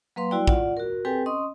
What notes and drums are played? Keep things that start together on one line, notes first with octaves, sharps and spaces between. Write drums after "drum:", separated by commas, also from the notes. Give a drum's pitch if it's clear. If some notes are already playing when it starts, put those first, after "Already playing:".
F#3 A#3 B4 F5 C6
G3 E4 F#4 D5 G5
F4 D5 F#5, drum: kick A#1
F#4 A#4
C4 G4 A4 B4 G5 G#5
C#4 D#5 C6 D#6